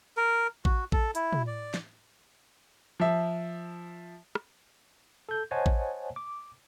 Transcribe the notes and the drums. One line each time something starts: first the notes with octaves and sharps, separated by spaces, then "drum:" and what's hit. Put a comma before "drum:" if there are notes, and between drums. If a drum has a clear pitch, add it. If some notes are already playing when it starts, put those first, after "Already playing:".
A#4
F#4, drum: kick A1
A4, drum: kick A1
E4, drum: hi-hat
drum: tom
D5
drum: snare
F3 E5
drum: rim click
A4 G6
C5 C#5 D#5 F#5 G#5 A5
drum: kick A1
D6